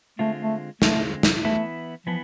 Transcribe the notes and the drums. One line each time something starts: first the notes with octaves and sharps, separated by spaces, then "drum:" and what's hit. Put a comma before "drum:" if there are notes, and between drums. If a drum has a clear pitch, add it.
D3 G#3 A3 C4 F4
A3
D3 G#3 A3 C4 F4, drum: snare
drum: snare
E3 A3 B3 E4
E3 F3 B3